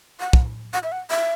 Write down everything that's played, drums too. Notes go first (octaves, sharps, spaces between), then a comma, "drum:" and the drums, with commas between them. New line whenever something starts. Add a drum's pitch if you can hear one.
F#5
drum: kick
F#5
E5
F#5
E5